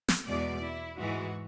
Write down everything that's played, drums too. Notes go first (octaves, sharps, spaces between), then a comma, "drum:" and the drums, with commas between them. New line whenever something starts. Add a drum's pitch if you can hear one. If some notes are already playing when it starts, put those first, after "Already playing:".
drum: snare
E2 B2 G#3 D5
E4
G#2 E3 G#3 F#4